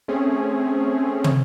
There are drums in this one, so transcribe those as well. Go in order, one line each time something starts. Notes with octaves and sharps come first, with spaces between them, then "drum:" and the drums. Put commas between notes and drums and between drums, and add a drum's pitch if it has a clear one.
A3 C4 C#4 G#4
drum: tom